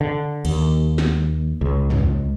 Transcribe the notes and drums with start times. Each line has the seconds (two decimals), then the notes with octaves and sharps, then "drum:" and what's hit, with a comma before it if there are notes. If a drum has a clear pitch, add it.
0.01 D3
0.45 D#2, drum: cymbal
0.98 drum: snare
1.61 C#2
1.90 drum: tom